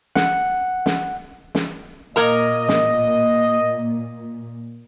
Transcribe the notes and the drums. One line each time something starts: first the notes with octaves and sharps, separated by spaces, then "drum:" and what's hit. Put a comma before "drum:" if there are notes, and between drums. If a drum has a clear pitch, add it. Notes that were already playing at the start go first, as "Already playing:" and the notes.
F#5, drum: snare
drum: snare
drum: snare
A#2 A#3 A#4 D#5 A#5
drum: snare